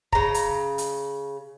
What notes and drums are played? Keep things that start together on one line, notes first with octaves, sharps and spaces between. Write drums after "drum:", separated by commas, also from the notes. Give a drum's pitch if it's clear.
C#3 A#5, drum: kick
drum: hi-hat
drum: hi-hat